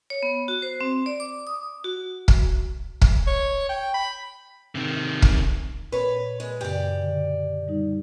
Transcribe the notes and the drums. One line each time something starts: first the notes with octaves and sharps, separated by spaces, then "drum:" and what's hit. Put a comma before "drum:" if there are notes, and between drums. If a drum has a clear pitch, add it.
C#5
B3
F#4
C5
C4
D5
D6
D#6
F#4
drum: kick
drum: kick
C#5
G5
B5
C3 D#3
drum: kick
A#2 B4 C#5
G#3
F#2 C#3 G4 D5
D3
G3 D#4